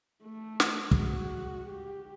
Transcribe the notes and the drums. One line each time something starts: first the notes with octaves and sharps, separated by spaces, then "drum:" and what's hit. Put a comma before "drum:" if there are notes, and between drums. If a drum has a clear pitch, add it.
A3
drum: snare
G#3 F#4, drum: kick
G4